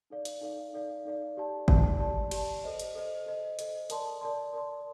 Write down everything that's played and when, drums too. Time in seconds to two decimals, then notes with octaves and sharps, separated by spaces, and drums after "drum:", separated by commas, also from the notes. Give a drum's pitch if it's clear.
0.10 D#4 A4 D5 F5
0.25 drum: hi-hat
0.41 D#4 A4 D5 F5
0.73 D#4 A4 D5 F5
1.05 D#4 A4 D5 F5
1.37 G4 D5 A5
1.68 G4 D5 A5, drum: kick G1
1.99 G4 D5 A5
2.31 G4 D5 A5, drum: cymbal
2.64 A4 C5 D#5
2.79 drum: hi-hat
2.95 A4 C5 D#5
3.26 A4 C5 D#5
3.59 A4 C5 D#5, drum: hi-hat
3.90 A#4 D5 A5 C6, drum: hi-hat
4.21 A#4 D5 A5 C6
4.53 A#4 D5 A5 C6